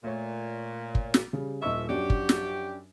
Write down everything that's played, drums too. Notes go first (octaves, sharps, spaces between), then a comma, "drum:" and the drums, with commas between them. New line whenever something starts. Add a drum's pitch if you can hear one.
A#2 A3 C#5
drum: kick
drum: snare
C#3 G3
D#1 D2 F3 D#5 E5 C#6
F#2 F3 F#3 D4 F#4 G4
drum: kick
drum: snare